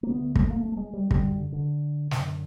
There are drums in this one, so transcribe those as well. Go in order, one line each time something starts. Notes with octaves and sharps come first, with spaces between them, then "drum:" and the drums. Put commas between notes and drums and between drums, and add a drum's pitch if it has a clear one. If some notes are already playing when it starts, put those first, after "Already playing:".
A#3
D2 D3 B3
A#3, drum: kick
A3
A#3
A3
A3
G#3
G3
F#2 D3 G3, drum: kick
D3
D3
F#2 D3, drum: snare